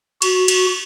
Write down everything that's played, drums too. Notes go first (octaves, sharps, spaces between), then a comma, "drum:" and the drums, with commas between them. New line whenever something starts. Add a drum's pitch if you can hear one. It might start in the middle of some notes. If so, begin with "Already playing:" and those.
F#4, drum: cymbal
drum: cymbal